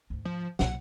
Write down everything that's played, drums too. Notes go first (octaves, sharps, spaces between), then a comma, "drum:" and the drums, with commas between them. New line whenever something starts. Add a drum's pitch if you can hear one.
D2 G#2
F3
B1 A#2 F#5, drum: snare